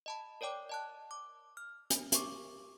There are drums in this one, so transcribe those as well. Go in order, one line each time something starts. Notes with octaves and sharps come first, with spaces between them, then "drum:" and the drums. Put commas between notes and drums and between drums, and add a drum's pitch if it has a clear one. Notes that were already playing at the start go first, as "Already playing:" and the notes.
D#5 A5 B5
A#4 C#5 D5 G5 D6
D#5 A5 F#6
D6
F6
drum: hi-hat
G4 A#4 C#6 D6, drum: hi-hat